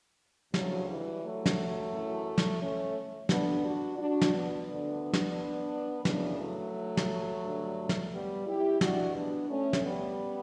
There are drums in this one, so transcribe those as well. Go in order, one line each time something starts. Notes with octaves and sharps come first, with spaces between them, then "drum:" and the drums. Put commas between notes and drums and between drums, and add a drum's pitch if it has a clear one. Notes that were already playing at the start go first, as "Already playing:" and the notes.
D2 C#3 E3 F#3, drum: snare
E3 G3
F#3 A3
drum: snare
F#2 E3
drum: snare
A3 C#4
G2 D3 B3 D4, drum: snare
D4 F#4
D4 F#4
drum: snare
B3 D4
D2 D3
drum: snare
F#2 C#3 E3 B3 D4, drum: snare
F#3 A3
drum: snare
G2 D3
drum: snare
G3 B3
E4 G4
E2 B2 D4 F#4, drum: snare
B3 D4
A3 C#4
drum: snare
G3 B3